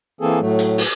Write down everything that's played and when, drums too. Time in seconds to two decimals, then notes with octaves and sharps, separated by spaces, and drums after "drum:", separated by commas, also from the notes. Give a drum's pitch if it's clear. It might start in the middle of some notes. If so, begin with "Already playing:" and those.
0.21 E3 A#3 C4 G#4 A4
0.40 A2 F#3 A3
0.59 drum: hi-hat
0.78 drum: open hi-hat